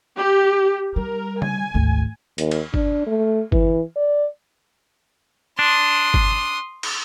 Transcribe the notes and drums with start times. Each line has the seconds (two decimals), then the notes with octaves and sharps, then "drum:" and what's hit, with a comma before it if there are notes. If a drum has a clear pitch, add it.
0.16 G4
0.96 G3 A#4
1.42 G#5, drum: tom C#3
1.74 G#1 D2
2.38 D#2, drum: hi-hat
2.51 drum: cymbal
2.74 D4, drum: kick G1
3.07 A3
3.52 E3, drum: kick G1
3.96 D5
5.59 D4 C6 D#6
6.14 drum: kick G1
6.83 drum: cymbal